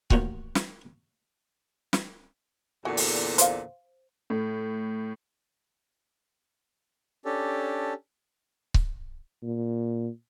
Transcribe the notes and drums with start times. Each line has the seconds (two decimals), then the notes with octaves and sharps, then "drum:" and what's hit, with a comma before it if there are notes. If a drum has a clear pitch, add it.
0.10 A1 D#2 F4 F#4 G5, drum: kick C#1
0.55 drum: snare
1.93 drum: snare
2.85 E2 A#2 D3 F#4 G#4
2.97 drum: open hi-hat
3.38 C5 F5, drum: hi-hat
4.30 A2
7.25 C#4 D4 G4 A4
8.74 drum: kick C#1
9.43 A#2